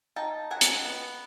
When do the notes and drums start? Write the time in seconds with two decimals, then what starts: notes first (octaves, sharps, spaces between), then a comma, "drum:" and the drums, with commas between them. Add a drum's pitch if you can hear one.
0.16 D#4 G5 A5
0.50 D#3 F#5 G#5
0.61 drum: hi-hat
0.85 B3